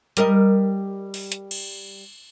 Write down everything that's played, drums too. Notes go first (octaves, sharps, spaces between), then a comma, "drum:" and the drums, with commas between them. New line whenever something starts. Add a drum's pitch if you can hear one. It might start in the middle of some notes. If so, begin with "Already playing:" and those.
G3 A#4 D#5, drum: hi-hat
drum: open hi-hat
drum: hi-hat
drum: cymbal